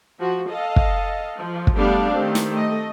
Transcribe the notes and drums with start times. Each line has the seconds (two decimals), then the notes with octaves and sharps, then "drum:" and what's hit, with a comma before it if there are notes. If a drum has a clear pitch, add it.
0.20 F3 F#4
0.49 A4 D#5 F5
0.76 drum: kick
1.38 F3
1.67 drum: kick
1.76 G3 A3 B3 D4 G4 F5
2.12 D#3 A3 C4 G4
2.35 drum: snare
2.52 A3 D#5